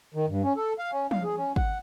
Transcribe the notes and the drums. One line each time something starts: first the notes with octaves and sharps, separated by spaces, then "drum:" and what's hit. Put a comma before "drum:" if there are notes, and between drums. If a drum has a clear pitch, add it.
D#3
G2
C#4
A4
F5
C#4
F5, drum: tom
G#4
C#4
F#5, drum: kick